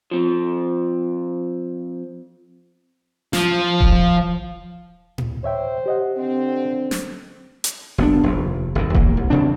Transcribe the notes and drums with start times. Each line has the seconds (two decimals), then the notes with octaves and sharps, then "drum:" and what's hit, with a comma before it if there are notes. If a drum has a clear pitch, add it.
0.11 F3 C4
3.33 F3, drum: snare
3.81 drum: kick D#1
5.18 drum: tom A2
5.44 C5 C#5 E5 G5
5.86 G4 D#5 F#5
6.17 D3 C4
6.91 drum: snare
7.64 drum: hi-hat
7.98 F#1 B3 D4
8.23 F1 D#2
8.75 G1 F2 D#3
8.95 D#2 A#3, drum: kick D#1
9.17 C2
9.30 E1 C#3 C4 D4